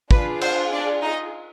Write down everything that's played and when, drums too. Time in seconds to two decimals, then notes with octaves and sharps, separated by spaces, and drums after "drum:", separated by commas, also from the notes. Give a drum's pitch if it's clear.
0.11 D4 F4 G#4 B4, drum: kick
0.41 C5, drum: cymbal
0.71 D4 D5
1.02 D#4 D#5